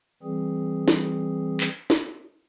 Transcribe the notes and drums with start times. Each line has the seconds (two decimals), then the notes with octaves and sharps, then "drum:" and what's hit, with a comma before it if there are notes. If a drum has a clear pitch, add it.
0.23 E3 G3 C4 G#4
0.88 drum: snare
1.60 drum: clap
1.90 drum: snare